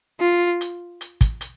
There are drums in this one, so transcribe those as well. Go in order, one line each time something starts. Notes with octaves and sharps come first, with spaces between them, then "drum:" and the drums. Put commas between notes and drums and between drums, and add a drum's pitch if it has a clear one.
F4
drum: hi-hat
drum: hi-hat
drum: kick, hi-hat
drum: hi-hat